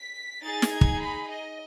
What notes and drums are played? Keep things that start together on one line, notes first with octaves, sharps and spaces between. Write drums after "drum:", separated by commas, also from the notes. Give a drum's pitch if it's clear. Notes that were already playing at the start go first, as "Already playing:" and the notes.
Already playing: B6
D#4 G#4 A6
drum: snare
G#6
drum: kick
B5
D#5